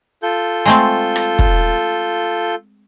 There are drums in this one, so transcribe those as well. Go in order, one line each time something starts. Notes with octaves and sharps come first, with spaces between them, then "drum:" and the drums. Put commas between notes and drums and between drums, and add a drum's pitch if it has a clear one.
F4 A4 G6
G#3 A3 C4
drum: rim click
drum: kick